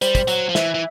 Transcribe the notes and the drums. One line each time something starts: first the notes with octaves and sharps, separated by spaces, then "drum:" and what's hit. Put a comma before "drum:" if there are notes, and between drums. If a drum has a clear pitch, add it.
G3 C5, drum: hi-hat
drum: kick, hi-hat
F#3, drum: hi-hat
F3
E3 E5, drum: snare
E3